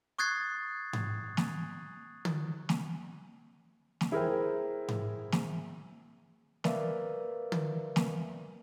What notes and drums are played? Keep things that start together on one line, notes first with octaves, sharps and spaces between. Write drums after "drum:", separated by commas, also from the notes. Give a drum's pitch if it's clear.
C#6 D#6 F#6 G#6 A6 C7
drum: tom G#2
drum: snare
drum: tom
drum: snare
drum: snare
E4 G#4 A#4 C5 G5
drum: tom G#2
drum: snare
A#4 B4 D5 E5 F5, drum: snare
drum: tom
drum: snare